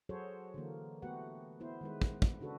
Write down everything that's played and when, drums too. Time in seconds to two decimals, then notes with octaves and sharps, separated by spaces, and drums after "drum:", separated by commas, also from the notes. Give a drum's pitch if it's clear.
0.09 F#3 F#4 G#4 A4 C5 C#5
0.54 D3 E3 A#3
1.02 A3 B3 F#4 G4 B4 F#5
1.60 B3 E4 C5
1.81 D#3 G#3 B4
2.02 drum: kick
2.22 drum: kick
2.40 C#3 D4 F#4 A4 B4